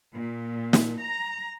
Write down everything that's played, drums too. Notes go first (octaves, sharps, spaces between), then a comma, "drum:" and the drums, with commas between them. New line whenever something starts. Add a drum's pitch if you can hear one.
A#2
drum: snare
A#5